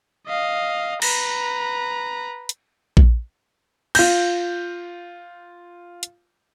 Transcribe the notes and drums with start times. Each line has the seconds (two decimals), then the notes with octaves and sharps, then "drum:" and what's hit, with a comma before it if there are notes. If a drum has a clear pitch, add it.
0.27 D#5 F5
1.02 B4 A#5, drum: cymbal
2.49 drum: hi-hat
2.97 drum: kick A#1
3.95 F4 G6, drum: cymbal
6.03 drum: hi-hat